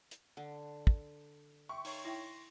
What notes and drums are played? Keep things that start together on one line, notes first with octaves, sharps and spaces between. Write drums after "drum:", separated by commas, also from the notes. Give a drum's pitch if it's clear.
drum: hi-hat
D3 F#5
drum: kick
E5 G5 C6 C#6
D#4 C#5 C7, drum: open hi-hat
E4 E5 G5 C6 A#6 C7